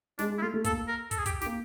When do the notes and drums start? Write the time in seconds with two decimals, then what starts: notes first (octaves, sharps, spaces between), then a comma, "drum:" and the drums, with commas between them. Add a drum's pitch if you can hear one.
0.19 G#3 D4, drum: snare
0.30 G#3
0.38 E4
0.42 A3 F4
0.54 A3
0.64 A#3 A4, drum: kick, hi-hat
0.88 A#4
1.11 A4, drum: kick, hi-hat
1.18 G#4
1.26 G4, drum: kick, hi-hat
1.41 G4, drum: snare
1.46 A#3